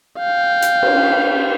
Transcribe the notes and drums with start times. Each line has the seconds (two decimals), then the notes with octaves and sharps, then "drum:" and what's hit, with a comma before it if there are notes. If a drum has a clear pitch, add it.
0.19 F5 G5
0.62 drum: hi-hat
0.83 drum: cymbal